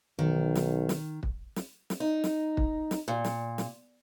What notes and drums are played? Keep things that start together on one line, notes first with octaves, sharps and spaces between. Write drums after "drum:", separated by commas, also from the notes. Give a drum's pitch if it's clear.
B1 D#3
drum: snare
drum: snare
drum: kick
drum: snare
drum: snare
D#4
drum: snare
drum: kick
drum: snare
A#2
drum: snare
drum: snare